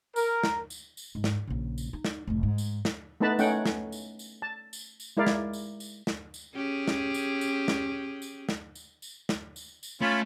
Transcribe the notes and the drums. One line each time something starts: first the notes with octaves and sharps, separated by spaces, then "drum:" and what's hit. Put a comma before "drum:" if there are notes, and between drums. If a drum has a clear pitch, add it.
A#4, drum: tambourine
drum: snare
drum: tambourine
drum: tambourine
G#2
drum: snare
A#1 C#3
drum: tambourine
D#4
drum: snare
F1 A2
G#2
drum: tambourine
drum: snare
A3 B3 D#4 B4 A5 B5
A3 C#4 D#4 F#5 G5, drum: tambourine
drum: snare
drum: tambourine
drum: tambourine
A5
drum: tambourine
drum: tambourine
G#3 E4 A#4 D5 F5
drum: snare
drum: tambourine
drum: tambourine
drum: snare
drum: tambourine
C#4 G4 G#4
drum: snare
drum: tambourine
drum: tambourine
drum: snare
drum: tambourine
drum: snare
drum: tambourine
drum: tambourine
drum: snare
drum: tambourine
drum: tambourine
A3 C#4 F4 B5